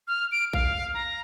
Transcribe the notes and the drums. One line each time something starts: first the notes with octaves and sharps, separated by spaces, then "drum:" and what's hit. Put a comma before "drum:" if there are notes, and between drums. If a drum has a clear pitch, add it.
F6
D7
F5, drum: kick A#1
A#5